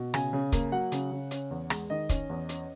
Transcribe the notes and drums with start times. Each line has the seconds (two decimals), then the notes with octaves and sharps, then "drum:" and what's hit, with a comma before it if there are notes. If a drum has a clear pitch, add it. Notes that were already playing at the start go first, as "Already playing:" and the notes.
Already playing: B2
0.14 C#3 G#5, drum: rim click
0.33 C#3
0.52 A#3, drum: kick, hi-hat
0.72 F#3 F#5
0.92 C#3, drum: hi-hat
1.12 C#3
1.31 C#4, drum: hi-hat
1.51 E2
1.70 G#3, drum: rim click
1.90 D#3 D#5
2.09 C#4, drum: kick, hi-hat
2.29 E2
2.49 C#4, drum: hi-hat